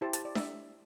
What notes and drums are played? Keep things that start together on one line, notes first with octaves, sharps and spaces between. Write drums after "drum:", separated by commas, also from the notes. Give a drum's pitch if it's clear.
E4 G4 C5 A5
A5, drum: hi-hat
D5
E5, drum: snare D4